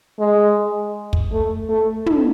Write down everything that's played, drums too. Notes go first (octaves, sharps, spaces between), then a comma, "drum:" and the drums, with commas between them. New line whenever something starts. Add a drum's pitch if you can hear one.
G#3
drum: kick
A3
A3
drum: tom